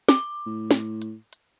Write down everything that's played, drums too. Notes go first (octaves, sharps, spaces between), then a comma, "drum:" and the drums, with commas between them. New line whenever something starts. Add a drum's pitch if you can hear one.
D6, drum: snare
A2
drum: snare
drum: hi-hat
drum: hi-hat